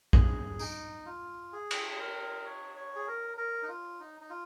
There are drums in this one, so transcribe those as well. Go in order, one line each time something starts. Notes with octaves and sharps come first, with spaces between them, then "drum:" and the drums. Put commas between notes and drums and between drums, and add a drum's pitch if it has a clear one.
G#4, drum: kick A#1
D#4, drum: tambourine
F4
G#4
drum: cymbal
G#4
A#4
C#5
C#5
G#4
A#4
A#4
D#4
F4
D#4
D#4
F4